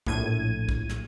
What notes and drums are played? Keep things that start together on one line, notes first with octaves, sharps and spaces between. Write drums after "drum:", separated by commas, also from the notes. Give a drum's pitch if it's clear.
A#1 A2 G#6 D#7, drum: kick
drum: kick
drum: snare